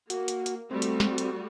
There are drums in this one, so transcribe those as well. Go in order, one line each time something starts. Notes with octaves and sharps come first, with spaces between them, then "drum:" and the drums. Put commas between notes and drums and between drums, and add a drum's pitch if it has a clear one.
A#3 F#4, drum: hi-hat
drum: hi-hat
drum: hi-hat
G3 A3 C4 F#4
drum: hi-hat
drum: snare
drum: hi-hat